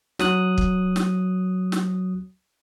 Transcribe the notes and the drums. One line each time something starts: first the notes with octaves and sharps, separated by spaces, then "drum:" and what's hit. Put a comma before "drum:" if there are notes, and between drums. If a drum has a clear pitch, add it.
F#3 D#6 F#6, drum: snare
drum: kick
drum: snare
drum: snare